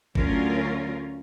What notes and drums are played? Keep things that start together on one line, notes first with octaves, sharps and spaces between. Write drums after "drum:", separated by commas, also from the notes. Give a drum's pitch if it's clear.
D2 D3 F#3 C#4 F4 A#4, drum: kick G#1